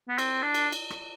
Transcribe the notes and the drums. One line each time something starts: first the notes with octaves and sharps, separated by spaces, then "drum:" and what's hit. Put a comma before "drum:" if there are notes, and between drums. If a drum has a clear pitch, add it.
B3
C4, drum: cymbal
D4
drum: cymbal
drum: cymbal
drum: rim click